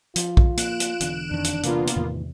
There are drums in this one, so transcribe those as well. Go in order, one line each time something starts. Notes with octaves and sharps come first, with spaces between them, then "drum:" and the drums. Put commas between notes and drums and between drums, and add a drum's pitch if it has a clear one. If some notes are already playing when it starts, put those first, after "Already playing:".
F3 F4, drum: hi-hat
drum: kick A#1
A#3 F#6 D7 E7, drum: hi-hat
drum: hi-hat
E1 E2 D3, drum: hi-hat
F2 D#3 D4
drum: hi-hat
C3 A#3 B3 F4, drum: hi-hat
drum: hi-hat
E2 A2 C3 D#3 E3